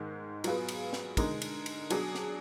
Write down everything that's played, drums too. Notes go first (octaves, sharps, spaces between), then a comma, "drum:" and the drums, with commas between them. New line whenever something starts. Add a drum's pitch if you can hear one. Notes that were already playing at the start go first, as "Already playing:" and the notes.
Already playing: G#2 D#3 G#3
F#3 B3 F4 G#4 B4, drum: cymbal
drum: cymbal
drum: snare
D3 G#3 D#4 A#4, drum: kick, cymbal
drum: cymbal
drum: cymbal
F#3 D4 G#4, drum: cymbal
drum: snare